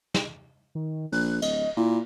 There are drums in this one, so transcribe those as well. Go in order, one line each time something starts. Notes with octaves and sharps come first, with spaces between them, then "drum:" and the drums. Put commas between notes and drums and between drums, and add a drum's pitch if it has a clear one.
drum: snare
D#3
A#1 F#6, drum: open hi-hat
D1 D#5, drum: cymbal
A#2 E4